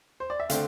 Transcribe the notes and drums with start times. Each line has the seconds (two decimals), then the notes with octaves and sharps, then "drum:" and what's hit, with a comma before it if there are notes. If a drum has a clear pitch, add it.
0.20 C5
0.30 D5
0.40 E5
0.50 D3 A3 C4 F5, drum: hi-hat